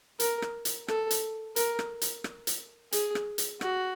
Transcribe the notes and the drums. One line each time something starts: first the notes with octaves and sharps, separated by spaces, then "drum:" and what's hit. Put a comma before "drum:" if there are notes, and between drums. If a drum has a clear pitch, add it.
A#4, drum: hi-hat
drum: rim click
drum: hi-hat
A4, drum: rim click
drum: hi-hat
A#4, drum: hi-hat
drum: rim click
drum: hi-hat
drum: rim click
drum: hi-hat
G#4, drum: hi-hat
drum: rim click
drum: hi-hat
F#4, drum: rim click